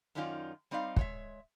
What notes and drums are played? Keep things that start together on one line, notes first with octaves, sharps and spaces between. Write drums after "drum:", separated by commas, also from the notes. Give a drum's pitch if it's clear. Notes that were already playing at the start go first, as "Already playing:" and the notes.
F#2 D#3 C#4 D#4 F4 D5
G3 C4 D#4 D5 F5
G#3 C#5 E5, drum: kick